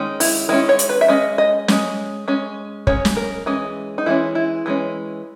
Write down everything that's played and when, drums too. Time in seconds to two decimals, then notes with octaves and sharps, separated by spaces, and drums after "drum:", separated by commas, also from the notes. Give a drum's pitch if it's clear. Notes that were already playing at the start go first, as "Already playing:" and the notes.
Already playing: D#3 G#3 C#4
0.20 E4, drum: open hi-hat
0.49 D#3 G#3 C#4 E4
0.69 C#5
0.79 drum: hi-hat
0.89 B4
1.01 E5
1.08 G#3 C#4 D#5
1.38 D#5
1.68 G#3 C#4, drum: snare
2.28 G#3 C#4
2.87 G#3 C#4 C#5, drum: kick
3.05 drum: snare
3.16 A#4
3.46 E3 G#3 C#4 G#4
3.98 D#4
4.06 E3 G#3 C#4 E4
4.35 E4
4.66 E3 G#3 C#4